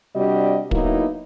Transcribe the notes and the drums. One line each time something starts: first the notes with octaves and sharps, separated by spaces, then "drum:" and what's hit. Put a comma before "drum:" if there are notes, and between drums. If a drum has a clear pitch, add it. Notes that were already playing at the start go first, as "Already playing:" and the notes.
C3 G3 D4 F#4 G4 D#5
F#3 A#3 B3 D#4 E4, drum: kick